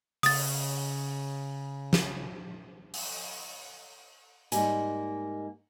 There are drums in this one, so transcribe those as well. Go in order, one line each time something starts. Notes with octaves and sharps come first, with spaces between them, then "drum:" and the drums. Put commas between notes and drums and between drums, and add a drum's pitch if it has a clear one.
C#3 D#6 A6, drum: open hi-hat
drum: snare
drum: open hi-hat
G#2 G3 A#3 G#5, drum: hi-hat